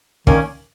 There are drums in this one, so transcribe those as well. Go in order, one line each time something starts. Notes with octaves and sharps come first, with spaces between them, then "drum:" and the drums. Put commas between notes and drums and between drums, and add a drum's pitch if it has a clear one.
D#3 A#3 C#4, drum: kick